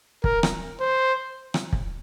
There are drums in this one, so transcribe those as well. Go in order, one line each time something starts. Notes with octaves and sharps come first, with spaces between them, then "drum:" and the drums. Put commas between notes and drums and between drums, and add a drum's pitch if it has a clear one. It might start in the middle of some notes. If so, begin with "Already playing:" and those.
A#4, drum: kick
drum: rim click
C5
drum: rim click
drum: kick